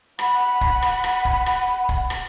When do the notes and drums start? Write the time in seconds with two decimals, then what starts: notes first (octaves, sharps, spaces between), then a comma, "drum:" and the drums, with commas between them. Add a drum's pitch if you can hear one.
0.19 F#5 B5, drum: rim click
0.40 drum: hi-hat
0.61 drum: kick, hi-hat
0.82 drum: rim click
1.04 drum: rim click
1.25 drum: kick, hi-hat
1.46 drum: rim click
1.68 drum: hi-hat
1.89 drum: kick, hi-hat
2.10 drum: rim click